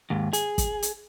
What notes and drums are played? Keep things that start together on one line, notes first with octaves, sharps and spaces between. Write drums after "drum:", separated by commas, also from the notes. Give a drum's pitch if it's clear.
D#2 G#2
G#4, drum: hi-hat
drum: kick, hi-hat
drum: hi-hat